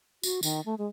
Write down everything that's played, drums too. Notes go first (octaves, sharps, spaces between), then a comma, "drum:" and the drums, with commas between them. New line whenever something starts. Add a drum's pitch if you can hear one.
F#4, drum: tambourine
D#3, drum: tambourine
A3
G#3